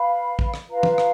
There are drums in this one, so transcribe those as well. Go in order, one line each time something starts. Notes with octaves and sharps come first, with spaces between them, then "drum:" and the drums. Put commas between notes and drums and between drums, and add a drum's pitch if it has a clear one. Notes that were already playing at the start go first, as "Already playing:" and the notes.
Already playing: B4 F5 B5
drum: kick
drum: rim click
F4 B4 F5 A#5
drum: tom
drum: rim click